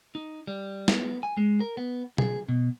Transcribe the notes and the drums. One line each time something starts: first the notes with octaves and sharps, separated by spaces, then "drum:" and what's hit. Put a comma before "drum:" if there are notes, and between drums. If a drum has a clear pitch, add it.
D#4
G3
B3, drum: snare
G#5
G#3
A#4
B3
G#4, drum: tom B2
B2